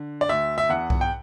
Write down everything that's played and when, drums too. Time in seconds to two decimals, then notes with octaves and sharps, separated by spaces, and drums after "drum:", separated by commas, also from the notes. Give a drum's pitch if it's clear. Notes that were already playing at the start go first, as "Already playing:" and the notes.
Already playing: D3
0.21 D5
0.29 D2 E5
0.58 E5
0.69 E2 F#5
0.90 drum: kick B1
1.01 G5